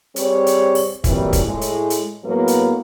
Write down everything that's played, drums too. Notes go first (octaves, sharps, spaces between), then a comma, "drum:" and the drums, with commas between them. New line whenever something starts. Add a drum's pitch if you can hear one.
G3 C4 G#4 C5 C#5, drum: hi-hat
drum: hi-hat
drum: open hi-hat
A#2 E3 F#3 G3 A3 C4, drum: kick, hi-hat
drum: kick, hi-hat
A2 G#3
drum: hi-hat
drum: hi-hat
A2 F#3 G#3 A#3 B3
drum: hi-hat